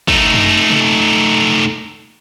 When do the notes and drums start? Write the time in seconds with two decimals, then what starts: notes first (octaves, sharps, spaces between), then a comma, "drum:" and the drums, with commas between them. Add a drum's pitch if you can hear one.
0.08 A3 D#4, drum: kick
0.34 drum: tom F#2
0.70 drum: tom C3